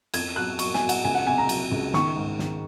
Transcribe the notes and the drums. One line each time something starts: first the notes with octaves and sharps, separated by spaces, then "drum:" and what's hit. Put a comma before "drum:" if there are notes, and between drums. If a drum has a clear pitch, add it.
F2 G#6, drum: cymbal
F#3 F#6
F#3 C#6, drum: cymbal
G#5, drum: snare
F#3
F#5, drum: cymbal
C#2 G#5
F#5
C3 G#5
A#5
F#3, drum: cymbal
C#2
D#3 C#6, drum: snare
G#2
D#3, drum: snare